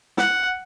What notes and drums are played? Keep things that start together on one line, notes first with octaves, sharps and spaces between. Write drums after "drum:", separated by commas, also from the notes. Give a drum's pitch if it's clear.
F#5, drum: snare